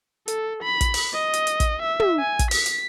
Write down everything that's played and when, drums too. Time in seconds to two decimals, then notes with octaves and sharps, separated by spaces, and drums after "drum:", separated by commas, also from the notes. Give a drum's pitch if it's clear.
0.28 A4, drum: hi-hat
0.63 B5
0.81 drum: kick, hi-hat
0.94 drum: open hi-hat
1.14 D#5
1.34 drum: hi-hat
1.47 drum: hi-hat
1.60 drum: kick, hi-hat
1.82 E5
2.00 drum: tom
2.19 G#5
2.39 drum: kick, hi-hat
2.51 B6, drum: open hi-hat
2.66 drum: hi-hat